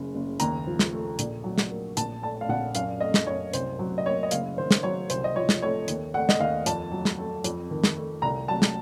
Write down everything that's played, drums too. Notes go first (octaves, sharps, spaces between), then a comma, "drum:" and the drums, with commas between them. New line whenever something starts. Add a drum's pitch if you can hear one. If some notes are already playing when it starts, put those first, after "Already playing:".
Already playing: F#1 C#3
F#1
D#2 A#5, drum: hi-hat
F3
drum: snare
A3
A#1, drum: hi-hat
F#3
drum: snare
A#3
A#1 A5, drum: hi-hat
A3 A5
F5
A#1 F#5
F#2 F5, drum: hi-hat
A3 D#5
drum: snare
F#2 C#5
C2 C5, drum: hi-hat
F#3
D#5
A#3 C#5
D#5
F#1 F5, drum: hi-hat
D#3 C5
drum: snare
F#3 C#5
C2 C5, drum: hi-hat
D#5
F3 C#5
drum: snare
A3 C#5
D#2, drum: hi-hat
A3 F#5
D#5, drum: snare
D#2 F5
F2 A5, drum: hi-hat
F#3
drum: snare
A3
F2, drum: hi-hat
D#3
drum: snare
A3
C2 A#5
F#3 A5
drum: snare